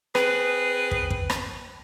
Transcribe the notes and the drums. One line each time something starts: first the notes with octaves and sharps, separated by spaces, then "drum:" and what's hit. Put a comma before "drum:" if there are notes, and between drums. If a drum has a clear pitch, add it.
C4 G#4 B4, drum: rim click
drum: kick
drum: kick
drum: rim click